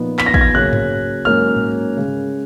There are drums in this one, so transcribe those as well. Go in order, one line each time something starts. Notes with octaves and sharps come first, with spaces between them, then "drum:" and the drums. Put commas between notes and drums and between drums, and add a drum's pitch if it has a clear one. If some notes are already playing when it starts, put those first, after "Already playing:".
Already playing: A#2 F3 B3 D#4
B6, drum: clap
A#6
G#6, drum: kick
A#6
C#3 F#3 A#3 C#4 F#6
drum: tom G2
G#2 F#3 A#3 C#4 F6
drum: tom G#2
C#3 G#3 C#4